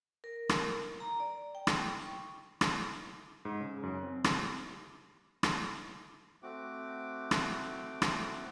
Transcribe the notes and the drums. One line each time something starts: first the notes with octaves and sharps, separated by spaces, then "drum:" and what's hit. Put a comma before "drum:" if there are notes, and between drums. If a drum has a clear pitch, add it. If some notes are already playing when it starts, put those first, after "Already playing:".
A#4
drum: rim click
A#5
D5
G5
drum: rim click
C#6
drum: rim click
G#2
C#3
F#2
C4
C3, drum: rim click
drum: rim click
A3 C4 F#4 D6
drum: rim click
drum: rim click